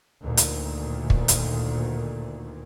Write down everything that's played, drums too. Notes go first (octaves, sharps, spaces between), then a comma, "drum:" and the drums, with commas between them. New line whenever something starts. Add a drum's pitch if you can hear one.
D2 A#2 D#3
drum: hi-hat
drum: kick
drum: hi-hat